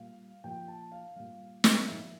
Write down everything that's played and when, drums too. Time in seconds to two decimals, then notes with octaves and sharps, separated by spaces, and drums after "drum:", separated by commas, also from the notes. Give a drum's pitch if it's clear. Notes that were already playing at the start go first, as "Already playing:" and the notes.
Already playing: A#2 G3 F5
0.44 A#2 F3 G5
0.68 A5
0.92 F5
1.16 A#2 G3 F5
1.64 drum: snare
1.88 A#2 F3 E5